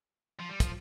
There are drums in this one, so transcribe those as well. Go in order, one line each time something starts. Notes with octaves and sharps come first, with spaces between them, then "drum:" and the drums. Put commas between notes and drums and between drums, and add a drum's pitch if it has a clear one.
F3
G3
F3, drum: kick, hi-hat